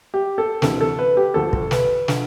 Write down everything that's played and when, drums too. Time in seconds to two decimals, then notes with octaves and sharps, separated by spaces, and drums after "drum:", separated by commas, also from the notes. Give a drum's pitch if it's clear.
0.14 G4
0.38 A4
0.62 D2 C3 E3 A4, drum: snare
0.81 A4
0.99 B4
1.17 G4
1.34 D2 D3 F3 A4
1.53 drum: kick
1.71 B4, drum: snare
2.08 D3 F3, drum: snare